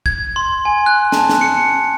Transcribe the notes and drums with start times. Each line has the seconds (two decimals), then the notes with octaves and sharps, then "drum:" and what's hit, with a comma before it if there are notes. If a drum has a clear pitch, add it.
0.06 G#6, drum: kick
0.36 C6
0.65 G#5
0.86 F#6
1.12 A5, drum: snare
1.29 drum: snare
1.41 C#7